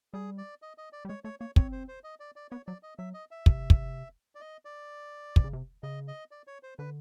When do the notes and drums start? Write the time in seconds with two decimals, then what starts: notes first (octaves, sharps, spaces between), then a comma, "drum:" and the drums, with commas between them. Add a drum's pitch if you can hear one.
0.14 G3 G#4
0.38 D5
0.62 D#5
0.78 D#5
0.93 D5
1.05 G3
1.08 G#3 C#5
1.24 A3 C#5
1.40 A#3 C#5
1.56 C4 C#5, drum: kick
1.72 C5
1.88 C5
2.04 D#5
2.20 D5
2.36 D5
2.51 B3 C#5
2.67 F#3 D5
2.83 D#5
2.98 F#3 E5
3.14 D#5
3.31 E5
3.46 C3, drum: kick
3.70 drum: kick
4.35 D5
4.41 D#5
4.65 D5
5.36 C3, drum: kick
5.44 C#3
5.53 C3
5.83 C#3 D#5
6.08 D#5
6.31 D5
6.47 C#5
6.63 C5
6.79 D3 B4